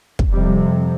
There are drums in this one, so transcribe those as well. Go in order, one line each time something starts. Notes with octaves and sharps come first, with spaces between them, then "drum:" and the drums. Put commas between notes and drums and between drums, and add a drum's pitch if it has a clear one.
drum: kick
F2 C3 G3